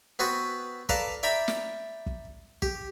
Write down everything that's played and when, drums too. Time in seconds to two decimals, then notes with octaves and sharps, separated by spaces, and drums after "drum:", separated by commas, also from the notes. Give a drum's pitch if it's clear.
0.19 B3 C4 F#4 B4
0.89 A4 B4 D5 F5 A5 A#5, drum: kick
1.23 D5 E5 G5 A#5 B5
1.48 drum: snare
2.06 drum: kick
2.62 G4, drum: kick